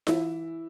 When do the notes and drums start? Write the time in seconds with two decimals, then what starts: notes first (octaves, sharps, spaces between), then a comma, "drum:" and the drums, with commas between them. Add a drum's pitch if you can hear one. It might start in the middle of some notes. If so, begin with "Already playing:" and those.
0.07 E3 E4, drum: snare F4